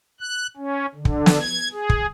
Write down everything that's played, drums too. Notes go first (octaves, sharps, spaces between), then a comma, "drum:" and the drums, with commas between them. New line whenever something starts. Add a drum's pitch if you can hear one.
F#6
C#4
D3
drum: kick
drum: snare
G#6
G#4
drum: kick